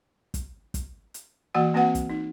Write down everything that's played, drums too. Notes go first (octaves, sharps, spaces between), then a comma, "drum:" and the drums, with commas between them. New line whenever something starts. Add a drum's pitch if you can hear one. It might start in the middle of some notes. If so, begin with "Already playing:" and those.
drum: kick, hi-hat
drum: kick, hi-hat
drum: hi-hat
E3 A#3 F#4 F#5
A#3 C4 F#4 B4 F#5
drum: kick, hi-hat
D#4